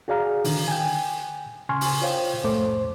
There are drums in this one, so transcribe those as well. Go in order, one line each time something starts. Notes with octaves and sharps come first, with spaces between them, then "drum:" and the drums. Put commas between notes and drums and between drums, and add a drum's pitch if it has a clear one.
F#4 G#4 D5 F5 A#5 F6
D3 D#3, drum: open hi-hat
G5 G#5
C#3 G#5 C6 C#6 F6
drum: open hi-hat
F4 C5 C#5 F5 G5
C2 F2 A2 A3 C5 D6